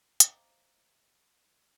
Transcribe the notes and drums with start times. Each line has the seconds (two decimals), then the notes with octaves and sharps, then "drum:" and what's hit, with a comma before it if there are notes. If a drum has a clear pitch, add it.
0.20 C5 D#5 F5 A#5 D6, drum: hi-hat